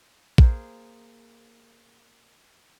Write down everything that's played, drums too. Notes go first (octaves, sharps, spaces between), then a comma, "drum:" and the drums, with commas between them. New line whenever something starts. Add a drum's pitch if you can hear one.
A#3 G#4 C5, drum: kick